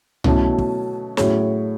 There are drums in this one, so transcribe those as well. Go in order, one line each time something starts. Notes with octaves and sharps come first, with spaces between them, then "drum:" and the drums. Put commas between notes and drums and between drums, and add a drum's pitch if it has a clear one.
B2 F#3 A3 C#4 E4, drum: tom C2
drum: kick
A2 F#3 C#4 G#4 C#5, drum: snare